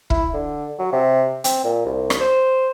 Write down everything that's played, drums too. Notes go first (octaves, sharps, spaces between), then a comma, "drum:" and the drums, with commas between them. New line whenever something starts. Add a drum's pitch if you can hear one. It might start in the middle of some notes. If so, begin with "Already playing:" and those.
E4, drum: kick
D3
F#3
C3
C4, drum: hi-hat
A#2
C2
drum: rim click
C5